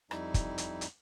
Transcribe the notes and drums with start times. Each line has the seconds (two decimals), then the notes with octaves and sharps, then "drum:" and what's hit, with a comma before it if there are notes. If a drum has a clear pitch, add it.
0.11 F2 G3 D#4 E4, drum: rim click
0.34 drum: kick, hi-hat
0.58 drum: hi-hat
0.81 drum: hi-hat